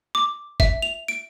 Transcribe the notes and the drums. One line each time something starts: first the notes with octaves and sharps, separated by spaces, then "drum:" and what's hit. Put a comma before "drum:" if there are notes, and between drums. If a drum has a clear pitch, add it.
D6
E5, drum: kick, hi-hat
F7
D7